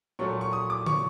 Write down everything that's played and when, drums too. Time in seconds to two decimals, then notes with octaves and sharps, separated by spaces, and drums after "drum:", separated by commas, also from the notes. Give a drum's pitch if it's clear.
0.19 A#2 F#3 A3 C#6
0.41 C#6
0.53 D#6
0.70 D6
0.86 C#6, drum: tom